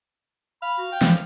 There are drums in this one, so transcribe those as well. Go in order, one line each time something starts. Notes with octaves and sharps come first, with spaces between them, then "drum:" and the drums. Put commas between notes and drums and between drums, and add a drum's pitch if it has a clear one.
F5 B5
F#4
G5
drum: snare